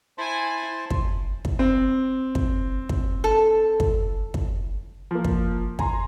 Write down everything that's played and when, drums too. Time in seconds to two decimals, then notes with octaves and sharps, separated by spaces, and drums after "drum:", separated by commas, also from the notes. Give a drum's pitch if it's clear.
0.18 E4 C5 G#5 A5 C6
0.90 drum: kick
1.45 drum: kick
1.59 C4
2.35 drum: kick
2.89 drum: kick
3.24 A4
3.80 drum: kick
4.34 drum: kick
5.11 F3 A#3
5.25 drum: kick
5.79 G#5 A#5 C6, drum: kick